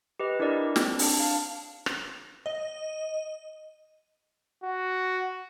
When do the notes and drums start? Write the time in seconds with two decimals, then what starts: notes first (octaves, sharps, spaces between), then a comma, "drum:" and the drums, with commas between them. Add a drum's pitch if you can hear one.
0.20 G4 B4 D#5
0.39 D4 E4 G4 A#4 D5 D#5
0.76 C4, drum: snare
0.99 D4 A5, drum: open hi-hat
1.20 F5 A5
1.86 drum: rim click
2.46 D#5
4.64 F#4